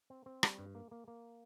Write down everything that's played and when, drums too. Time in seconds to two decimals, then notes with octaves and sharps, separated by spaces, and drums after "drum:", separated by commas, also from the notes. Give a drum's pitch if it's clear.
0.10 C4
0.26 C4
0.43 G3, drum: rim click
0.59 G2
0.75 A#3
0.91 A#3
1.08 A#3